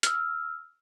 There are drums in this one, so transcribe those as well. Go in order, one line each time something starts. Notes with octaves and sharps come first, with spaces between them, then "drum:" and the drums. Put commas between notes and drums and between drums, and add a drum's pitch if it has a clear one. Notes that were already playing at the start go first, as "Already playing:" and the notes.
E6 F6, drum: hi-hat